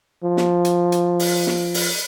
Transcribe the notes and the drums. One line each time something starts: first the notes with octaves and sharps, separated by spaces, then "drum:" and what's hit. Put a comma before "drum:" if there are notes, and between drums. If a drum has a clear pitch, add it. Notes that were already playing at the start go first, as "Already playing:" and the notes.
F3
drum: snare
drum: hi-hat
drum: hi-hat
drum: open hi-hat
drum: snare
drum: open hi-hat